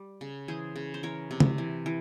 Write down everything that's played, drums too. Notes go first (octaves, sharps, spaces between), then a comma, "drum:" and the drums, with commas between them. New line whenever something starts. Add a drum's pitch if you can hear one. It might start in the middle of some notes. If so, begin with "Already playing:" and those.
Already playing: G3
C#3
E3 G#4 C5
C#3
C5
E3 A#4 C#5
C3
drum: tom C#3
E3
E3